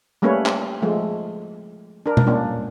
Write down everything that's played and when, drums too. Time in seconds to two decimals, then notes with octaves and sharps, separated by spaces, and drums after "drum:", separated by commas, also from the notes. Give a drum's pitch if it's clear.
0.22 G3 A3 A#3 C#4 B4 C#5
0.46 drum: clap
0.82 F3 G#3 A3
2.06 D4 A#4
2.17 drum: tom B2
2.26 A#3 C#4 D4 F4